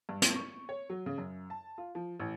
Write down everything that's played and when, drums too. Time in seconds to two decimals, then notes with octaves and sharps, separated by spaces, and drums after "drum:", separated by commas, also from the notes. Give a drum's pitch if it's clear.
0.09 G2
0.22 drum: hi-hat
0.36 C#6
0.69 C#5
0.90 F#3
1.06 C#3
1.18 F#2
1.50 A5
1.78 F4
1.95 F3
2.20 A1